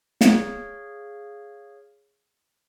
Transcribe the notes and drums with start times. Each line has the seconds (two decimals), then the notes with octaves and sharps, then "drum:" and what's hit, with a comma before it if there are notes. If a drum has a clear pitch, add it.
0.21 G#4 C#5 F5, drum: snare